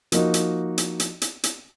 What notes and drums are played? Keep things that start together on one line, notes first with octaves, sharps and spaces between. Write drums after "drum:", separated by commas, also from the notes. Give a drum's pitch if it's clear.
F3 A#3 D#4 F#4, drum: hi-hat
drum: hi-hat
drum: hi-hat
drum: hi-hat
drum: hi-hat
drum: hi-hat